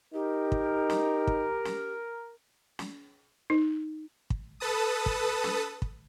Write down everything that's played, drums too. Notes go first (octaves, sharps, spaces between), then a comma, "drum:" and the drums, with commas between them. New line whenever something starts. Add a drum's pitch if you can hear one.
D#4 G4 A#4
drum: kick
drum: snare
drum: kick
drum: snare
drum: snare
D#4
drum: kick
A4 B4 A5 D#6
drum: kick
drum: snare
drum: kick